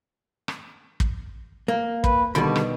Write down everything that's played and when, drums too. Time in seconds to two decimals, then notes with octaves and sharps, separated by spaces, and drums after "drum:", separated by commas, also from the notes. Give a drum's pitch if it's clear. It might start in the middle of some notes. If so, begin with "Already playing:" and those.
0.48 drum: rim click
1.00 drum: kick
1.68 A#3
2.04 B4, drum: kick
2.35 B2 D3 D#3 G3 B5
2.56 drum: rim click